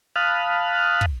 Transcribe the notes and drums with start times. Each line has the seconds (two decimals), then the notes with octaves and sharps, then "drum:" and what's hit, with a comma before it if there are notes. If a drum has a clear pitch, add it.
0.16 F5 A5 B5 D#6 F6 F#6
1.01 drum: kick